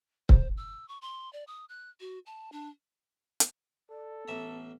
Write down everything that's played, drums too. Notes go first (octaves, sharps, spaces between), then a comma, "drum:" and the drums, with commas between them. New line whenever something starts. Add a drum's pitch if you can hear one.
C5, drum: kick C#1
E6
C#6
C6
D5
D#6
F#6
F#4
A5
D4
drum: hi-hat
A4 D5
A1 B3 E5 A#5